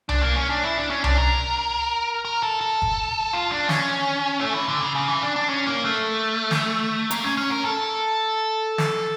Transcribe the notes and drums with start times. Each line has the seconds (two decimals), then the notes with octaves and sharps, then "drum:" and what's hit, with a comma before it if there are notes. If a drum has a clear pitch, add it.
0.09 D4, drum: tom C2
0.22 A#3
0.36 C#4
0.50 D4
0.64 E4
0.77 D4
0.90 C#4
1.04 D4, drum: tom C2
1.18 A#4
2.25 A#4
2.43 A4
2.61 A4
2.82 drum: kick F#1
3.33 F4
3.51 D4
3.69 C#4, drum: snare
4.41 A3
4.54 E3
4.68 D3
4.81 C#3
4.95 C#3
5.08 E3
5.22 D4
5.36 D4
5.49 C#4
5.66 A#3
5.85 A3
6.51 drum: snare
7.11 A#3, drum: hi-hat
7.24 C#4
7.37 C#4
7.51 A#4
7.65 A4
8.78 drum: snare